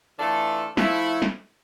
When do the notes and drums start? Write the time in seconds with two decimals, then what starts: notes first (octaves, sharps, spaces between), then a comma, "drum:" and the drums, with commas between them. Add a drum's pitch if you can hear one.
0.19 E3 A3 D4 F4 A4
0.77 F3 A3 E4, drum: snare
1.22 drum: snare